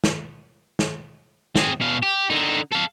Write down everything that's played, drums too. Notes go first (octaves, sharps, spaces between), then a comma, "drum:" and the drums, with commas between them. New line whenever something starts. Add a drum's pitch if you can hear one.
drum: snare
drum: snare
C4 G#4, drum: snare
B2 F5
G4
D3 D#4
A4 F5